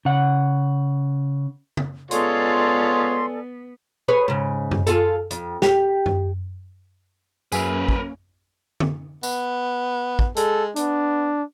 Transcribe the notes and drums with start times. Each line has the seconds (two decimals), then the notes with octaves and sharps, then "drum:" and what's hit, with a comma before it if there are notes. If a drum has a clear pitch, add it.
0.05 C#3 F#5
1.77 drum: tom C#3
2.11 G#3 B3 F4 A4 C#5 D5 G#5 C6, drum: hi-hat
4.08 G#4 B4 C#5
4.28 G#2 C#3
4.71 drum: tom F#2
4.87 F4 G#4 A4, drum: hi-hat
5.31 F2, drum: hi-hat
5.62 G4, drum: snare
6.06 drum: tom F#2
7.52 F#2 A#3 C#4 G#4 A#4 B4 E5, drum: tambourine
7.89 drum: kick
8.80 drum: tom D3
9.23 B3, drum: tambourine
10.19 drum: kick
10.36 G#3 A4, drum: hi-hat
10.76 B3 D4, drum: hi-hat